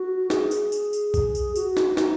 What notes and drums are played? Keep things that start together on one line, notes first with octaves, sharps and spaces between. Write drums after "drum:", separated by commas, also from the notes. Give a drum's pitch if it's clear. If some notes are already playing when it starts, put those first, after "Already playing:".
Already playing: F#4
G#4, drum: snare
drum: tambourine
drum: tambourine
drum: tambourine
drum: kick, tambourine
drum: tambourine
F#4, drum: tambourine
drum: snare
D#4, drum: snare